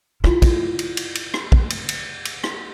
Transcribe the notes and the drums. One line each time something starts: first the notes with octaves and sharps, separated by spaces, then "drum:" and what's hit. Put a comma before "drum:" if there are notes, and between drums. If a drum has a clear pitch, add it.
E4 F4, drum: rim click
drum: kick, cymbal
drum: cymbal
drum: cymbal
drum: cymbal
drum: rim click
drum: kick
drum: cymbal
drum: cymbal
drum: cymbal
drum: rim click